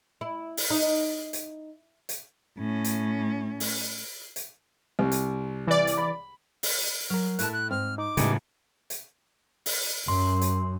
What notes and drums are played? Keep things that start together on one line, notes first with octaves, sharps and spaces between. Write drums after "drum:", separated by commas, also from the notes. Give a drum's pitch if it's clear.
E4
drum: open hi-hat
D#4
drum: hi-hat
drum: hi-hat
A2 C#4
drum: hi-hat
drum: open hi-hat
drum: hi-hat
C2 C3
drum: hi-hat
E3 D5
drum: hi-hat
B5
drum: open hi-hat
F#3 A#4 F6
A2 E4 A5 F#6, drum: hi-hat
F#6
G#2 C4 F6
D#4 D6
E2 A2 C#3 G3 G#3 D#4 G4 A#4, drum: hi-hat
drum: hi-hat
drum: open hi-hat
F#2 C6
drum: hi-hat